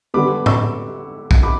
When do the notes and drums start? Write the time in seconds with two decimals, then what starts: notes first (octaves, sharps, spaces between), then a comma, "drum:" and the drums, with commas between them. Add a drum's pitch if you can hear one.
0.14 D3 G3 B3 B5 D6
0.46 C#6 E6, drum: tom A2
1.31 drum: kick A#1
1.43 B5 D6